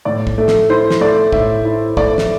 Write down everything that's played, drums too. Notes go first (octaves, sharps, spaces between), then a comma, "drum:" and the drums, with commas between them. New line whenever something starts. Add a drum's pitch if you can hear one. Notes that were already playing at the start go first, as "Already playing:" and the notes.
A2 D5
drum: kick
A3
drum: snare
E4 C5
drum: snare
A3 D5
A2 E5, drum: kick
E4
A3 D5, drum: kick
drum: snare